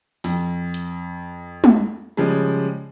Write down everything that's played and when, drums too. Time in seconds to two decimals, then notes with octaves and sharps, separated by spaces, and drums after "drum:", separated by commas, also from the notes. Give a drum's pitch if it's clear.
0.24 F2, drum: open hi-hat
0.74 drum: hi-hat
1.64 drum: tom
2.17 C#3 F3 G3 G#3